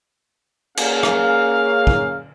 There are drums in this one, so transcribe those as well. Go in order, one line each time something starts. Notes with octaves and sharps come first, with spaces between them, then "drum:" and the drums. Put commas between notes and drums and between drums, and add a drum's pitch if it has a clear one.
A#3 C#4 G#4 F5, drum: cymbal
drum: rim click
drum: kick